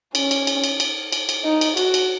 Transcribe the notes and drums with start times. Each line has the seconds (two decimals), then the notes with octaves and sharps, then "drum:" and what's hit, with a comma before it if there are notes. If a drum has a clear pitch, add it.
0.15 C#4, drum: cymbal
0.31 drum: cymbal
0.47 drum: cymbal
0.64 drum: cymbal
0.80 drum: cymbal
1.12 drum: cymbal
1.29 drum: cymbal
1.44 D#4
1.61 drum: cymbal
1.77 F#4, drum: cymbal
1.94 drum: cymbal